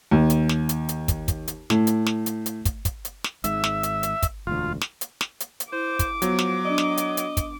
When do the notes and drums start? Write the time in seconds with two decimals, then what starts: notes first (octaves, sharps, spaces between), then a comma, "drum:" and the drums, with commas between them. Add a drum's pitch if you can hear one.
0.11 D#2
0.30 drum: hi-hat
0.49 drum: snare
0.69 drum: hi-hat
0.89 drum: hi-hat
1.08 drum: kick, hi-hat
1.28 drum: kick, hi-hat
1.48 drum: hi-hat
1.70 A2, drum: snare
1.87 drum: hi-hat
2.06 drum: snare
2.26 drum: hi-hat
2.46 drum: hi-hat
2.65 drum: kick, hi-hat
2.85 drum: kick, hi-hat
3.05 drum: hi-hat
3.24 drum: snare
3.44 G#1 G#2 E5, drum: hi-hat
3.64 drum: snare
3.83 drum: hi-hat
4.03 drum: hi-hat
4.23 drum: kick, hi-hat
4.47 E1 D2 F4
4.81 drum: snare
5.01 drum: hi-hat
5.21 drum: snare
5.40 drum: hi-hat
5.60 drum: hi-hat
5.72 E4 C5 D6
5.99 drum: kick, hi-hat
6.22 F3 F#3 B3, drum: hi-hat
6.39 drum: snare
6.65 D4 D5 D#5
6.78 drum: snare
6.98 drum: hi-hat
7.17 drum: hi-hat
7.37 drum: kick, hi-hat